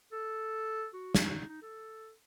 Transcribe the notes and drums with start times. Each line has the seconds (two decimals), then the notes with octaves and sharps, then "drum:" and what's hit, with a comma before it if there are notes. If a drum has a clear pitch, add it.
0.12 A4
0.94 F#4
1.15 D#4, drum: snare
1.35 D#4
1.49 D#4
1.62 A4